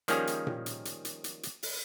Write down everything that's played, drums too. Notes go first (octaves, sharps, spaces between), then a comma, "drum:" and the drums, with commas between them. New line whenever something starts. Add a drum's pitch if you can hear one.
D#3 F3 G3 A#3 C#4 G#4, drum: hi-hat
drum: hi-hat
drum: tom A#2
drum: hi-hat
drum: hi-hat
drum: hi-hat
drum: hi-hat
drum: hi-hat
drum: open hi-hat